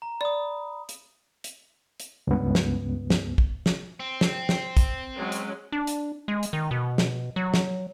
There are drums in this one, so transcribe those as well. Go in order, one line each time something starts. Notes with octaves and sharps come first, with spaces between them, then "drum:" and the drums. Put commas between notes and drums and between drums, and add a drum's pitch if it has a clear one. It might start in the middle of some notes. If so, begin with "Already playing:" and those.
A#5
D5 B5 D#6
drum: hi-hat
drum: hi-hat
drum: hi-hat
C#2 G2 B3
drum: snare
drum: snare
drum: kick
drum: snare
C4
drum: snare
drum: snare
drum: kick, hi-hat
F#3 G#3 C#4
drum: hi-hat
D4
drum: hi-hat
G#3
drum: hi-hat
D#3
B2
drum: snare
F#3
drum: snare